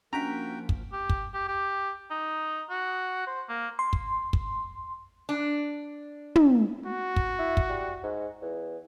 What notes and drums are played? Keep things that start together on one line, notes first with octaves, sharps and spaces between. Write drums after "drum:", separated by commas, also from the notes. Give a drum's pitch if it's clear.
F3 A#3 C#4 D4 F#4 G5 A#5 B6
drum: kick
G4
drum: kick
G4
G4
D#4
F#4
C5
A#3
C6
drum: kick
drum: kick
D4
drum: tom
F#4
drum: kick
E4
drum: kick
G3
G#2
E2